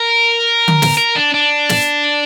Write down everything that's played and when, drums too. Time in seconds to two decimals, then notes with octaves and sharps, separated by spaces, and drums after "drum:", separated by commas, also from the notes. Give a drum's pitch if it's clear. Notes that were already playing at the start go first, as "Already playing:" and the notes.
Already playing: A#4
0.68 drum: tom D3
0.82 drum: snare
0.97 A#4
1.16 D4
1.34 D4
1.69 drum: snare